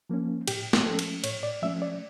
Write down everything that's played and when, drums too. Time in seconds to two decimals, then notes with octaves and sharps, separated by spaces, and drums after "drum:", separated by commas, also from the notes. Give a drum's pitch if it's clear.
0.10 F3 A#3 C#4
0.48 A2 G4, drum: cymbal
0.73 drum: snare
0.86 F3 A3 C#4 A4
0.99 drum: cymbal
1.24 A2 C#5, drum: cymbal
1.43 D5
1.62 F3 A3 C#4 E5
1.82 D5